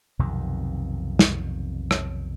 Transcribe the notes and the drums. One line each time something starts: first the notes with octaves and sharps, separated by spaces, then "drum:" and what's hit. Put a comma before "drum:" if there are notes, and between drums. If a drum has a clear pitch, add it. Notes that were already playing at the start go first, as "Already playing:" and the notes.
B1 F2 C3 D#3
drum: snare
drum: rim click